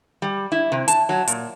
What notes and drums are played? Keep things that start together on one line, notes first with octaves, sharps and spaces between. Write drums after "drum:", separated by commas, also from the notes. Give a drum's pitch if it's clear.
G3
E4
C3
A5, drum: hi-hat
F#3
A#2, drum: hi-hat